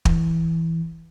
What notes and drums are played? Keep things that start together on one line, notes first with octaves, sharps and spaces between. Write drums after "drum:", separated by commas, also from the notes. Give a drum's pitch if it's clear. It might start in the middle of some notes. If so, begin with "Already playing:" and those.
E3, drum: kick